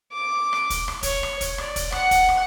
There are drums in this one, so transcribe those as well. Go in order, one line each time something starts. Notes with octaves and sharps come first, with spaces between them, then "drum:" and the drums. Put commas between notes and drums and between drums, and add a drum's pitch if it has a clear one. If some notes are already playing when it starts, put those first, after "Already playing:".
D6
drum: rim click
drum: kick, hi-hat
drum: rim click
C#5, drum: kick, hi-hat
drum: rim click
drum: kick, hi-hat
D5, drum: rim click
drum: kick, hi-hat
F#5, drum: rim click
drum: kick, hi-hat
drum: rim click